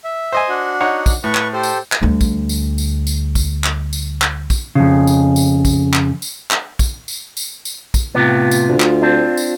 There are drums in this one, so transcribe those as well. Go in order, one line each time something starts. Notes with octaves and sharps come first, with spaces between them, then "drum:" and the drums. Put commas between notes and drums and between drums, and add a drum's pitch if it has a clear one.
E5
C5 D#5 G#5
D4 F#4
D#4 C#5 F#5
drum: kick, tambourine
A2 B4 C#6
drum: clap
G4 A4 C5
drum: tambourine
drum: clap
D2 G3
drum: kick, tambourine
drum: tambourine
drum: tambourine
drum: tambourine
drum: kick, tambourine
drum: clap
drum: tambourine
drum: clap
drum: kick, tambourine
F2 C#3
drum: tambourine
drum: tambourine
drum: kick, tambourine
drum: clap
drum: tambourine
drum: clap
drum: kick, tambourine
drum: tambourine
drum: tambourine
drum: tambourine
drum: kick, tambourine
A2 C3 B3 F4
drum: tambourine
D2
drum: clap
C4 D4
drum: tambourine